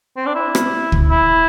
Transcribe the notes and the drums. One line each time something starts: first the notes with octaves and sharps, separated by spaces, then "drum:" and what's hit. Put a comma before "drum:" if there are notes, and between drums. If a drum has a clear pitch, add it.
C4
D4
E4
drum: rim click
drum: kick
E4